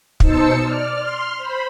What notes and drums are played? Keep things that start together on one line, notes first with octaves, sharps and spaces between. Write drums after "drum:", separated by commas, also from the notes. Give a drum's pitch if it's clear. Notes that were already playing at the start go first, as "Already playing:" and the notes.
B2 D#4 C5 A5 E6 C#7, drum: kick
D5 F6
C6 F6
C5 B5